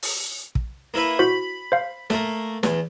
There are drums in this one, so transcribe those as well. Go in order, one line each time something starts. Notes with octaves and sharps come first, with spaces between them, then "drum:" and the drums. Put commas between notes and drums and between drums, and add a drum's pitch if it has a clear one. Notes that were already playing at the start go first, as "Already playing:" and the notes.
drum: open hi-hat
drum: kick
A#3 E4 B4
E4 F#4 C5 B5
C5 F5
A3 A#3, drum: snare
E2, drum: snare